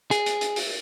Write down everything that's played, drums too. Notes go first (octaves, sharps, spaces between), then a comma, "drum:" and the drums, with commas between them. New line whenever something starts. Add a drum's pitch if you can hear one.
G#4, drum: hi-hat
drum: hi-hat
drum: hi-hat
drum: open hi-hat